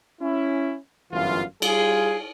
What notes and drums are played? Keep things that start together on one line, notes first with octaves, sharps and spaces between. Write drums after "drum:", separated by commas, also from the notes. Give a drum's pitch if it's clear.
C#4 E4
G1 F#2 E3 F4
G3 F4 G#4, drum: cymbal